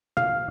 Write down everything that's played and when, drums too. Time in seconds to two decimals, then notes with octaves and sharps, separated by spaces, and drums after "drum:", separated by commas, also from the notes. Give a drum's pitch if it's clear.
0.17 F5, drum: tom